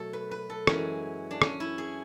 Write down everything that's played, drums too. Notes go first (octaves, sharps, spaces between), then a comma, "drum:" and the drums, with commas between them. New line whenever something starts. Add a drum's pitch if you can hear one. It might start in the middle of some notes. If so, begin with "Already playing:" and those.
Already playing: B2 F#3 A3 A4
B4
B4
A4
F#2 E3 G#3 C#4, drum: rim click
D4
C#4, drum: rim click
E4
G#4